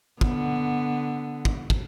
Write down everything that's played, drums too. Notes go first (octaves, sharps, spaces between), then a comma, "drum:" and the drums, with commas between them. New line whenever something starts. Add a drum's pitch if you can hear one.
D3 B3, drum: kick
drum: kick
drum: kick